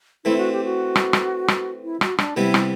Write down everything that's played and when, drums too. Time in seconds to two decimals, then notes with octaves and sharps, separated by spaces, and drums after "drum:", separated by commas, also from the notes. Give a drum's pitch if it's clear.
0.25 E3 A3 C4 E4
0.38 F#4
0.52 G4
0.65 F#4
0.96 drum: rim click
1.13 drum: rim click
1.48 drum: rim click
1.84 E4
2.01 F#4, drum: rim click
2.18 D4, drum: rim click
2.37 C3 E3 G3 B3 E4
2.54 drum: rim click